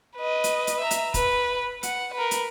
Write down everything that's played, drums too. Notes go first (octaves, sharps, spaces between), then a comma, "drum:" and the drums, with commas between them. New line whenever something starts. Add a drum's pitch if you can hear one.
B4 D#5
drum: hi-hat
drum: hi-hat
E5 A#5
drum: hi-hat
B4, drum: kick, hi-hat
F#5, drum: hi-hat
A#4 B4
drum: hi-hat